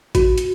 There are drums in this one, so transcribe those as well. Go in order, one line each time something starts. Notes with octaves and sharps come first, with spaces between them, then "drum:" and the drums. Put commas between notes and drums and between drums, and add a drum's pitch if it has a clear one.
F#4, drum: kick A1, hi-hat
drum: hi-hat